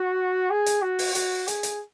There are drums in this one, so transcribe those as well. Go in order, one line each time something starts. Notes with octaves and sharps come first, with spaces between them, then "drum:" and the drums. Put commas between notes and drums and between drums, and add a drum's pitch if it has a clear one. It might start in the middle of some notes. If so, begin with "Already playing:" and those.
Already playing: F#4
G#4
drum: hi-hat
F#4
drum: open hi-hat
F#4, drum: hi-hat
G#4, drum: hi-hat
drum: hi-hat